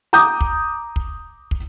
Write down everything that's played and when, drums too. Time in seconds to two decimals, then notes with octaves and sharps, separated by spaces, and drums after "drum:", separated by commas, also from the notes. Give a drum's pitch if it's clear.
0.13 A#5 D6 D#6 G6
0.41 drum: kick
0.96 drum: kick
1.51 drum: kick